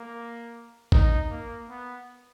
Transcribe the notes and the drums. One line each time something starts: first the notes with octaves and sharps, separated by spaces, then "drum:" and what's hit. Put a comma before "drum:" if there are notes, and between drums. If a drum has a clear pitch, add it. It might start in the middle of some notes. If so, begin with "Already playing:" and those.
Already playing: A#3
D#4, drum: kick
A#3
B3